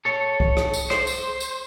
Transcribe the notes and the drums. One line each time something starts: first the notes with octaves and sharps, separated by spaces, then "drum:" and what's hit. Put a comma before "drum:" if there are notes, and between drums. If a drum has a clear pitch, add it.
A4 C#5
drum: kick C2
drum: rim click
drum: tambourine
C5, drum: rim click
drum: tambourine
drum: tambourine